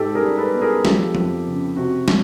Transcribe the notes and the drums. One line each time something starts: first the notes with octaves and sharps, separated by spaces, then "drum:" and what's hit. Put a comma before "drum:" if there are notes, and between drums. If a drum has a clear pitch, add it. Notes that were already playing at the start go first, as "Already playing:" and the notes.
Already playing: G#2 G4 A4
G#4 A#4
G3
A4 B4
B3
G#4 A#4
F3 G4 A4, drum: snare
F2, drum: tom F3
C#3
C3 F#4
drum: snare